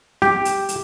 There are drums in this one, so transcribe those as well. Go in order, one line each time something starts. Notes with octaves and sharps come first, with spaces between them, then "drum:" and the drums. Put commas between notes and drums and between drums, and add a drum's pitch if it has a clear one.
G4, drum: snare
drum: hi-hat
drum: hi-hat